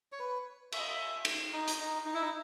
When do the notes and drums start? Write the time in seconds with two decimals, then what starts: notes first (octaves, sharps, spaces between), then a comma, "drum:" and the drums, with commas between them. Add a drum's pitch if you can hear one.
0.12 C#5
0.19 B4
0.72 E5, drum: cymbal
0.80 D#5
0.88 E5
1.25 drum: cymbal
1.53 D#4
1.68 drum: hi-hat
1.80 D#4
2.06 D#4
2.14 E4
2.22 D#4